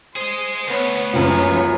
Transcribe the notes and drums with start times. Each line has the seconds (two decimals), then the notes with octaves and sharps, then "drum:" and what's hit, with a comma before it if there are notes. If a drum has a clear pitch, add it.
0.16 G#4 C5 D#5
0.56 drum: hi-hat
0.68 D2 B3 C#5
0.94 drum: hi-hat
1.13 C#2 F#2 B4 C#5, drum: hi-hat
1.32 drum: snare
1.51 drum: snare